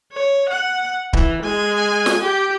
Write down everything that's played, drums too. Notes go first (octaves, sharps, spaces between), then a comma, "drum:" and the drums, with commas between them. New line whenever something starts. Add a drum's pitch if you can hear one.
C#5
F#5
E3, drum: kick D1
G#3 G#5
drum: snare
G4